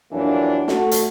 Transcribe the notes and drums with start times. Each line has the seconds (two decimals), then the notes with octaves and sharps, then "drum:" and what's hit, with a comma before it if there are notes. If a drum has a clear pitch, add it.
0.12 F2 E3 F#3 A#3 D4
0.68 A3 F#4 A4, drum: snare
0.91 drum: hi-hat